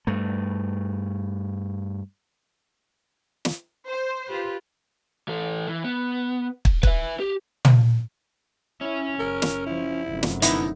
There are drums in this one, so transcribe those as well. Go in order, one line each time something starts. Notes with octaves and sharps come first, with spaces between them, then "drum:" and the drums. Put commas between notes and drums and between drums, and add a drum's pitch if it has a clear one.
G2 A3
drum: snare
C5
F4 G4 B4
E3 A4
E3
B3
drum: kick
B4 E5, drum: kick
G4
drum: tom
C#4 E4 C#5
F#1 A#4
drum: snare
F3 E4
F1 F#2
drum: snare
D3 B3 D#4 E4, drum: hi-hat